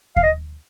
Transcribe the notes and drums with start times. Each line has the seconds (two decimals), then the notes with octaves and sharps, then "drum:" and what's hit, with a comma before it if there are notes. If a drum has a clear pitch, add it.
0.16 F5, drum: kick D#2
0.23 D#5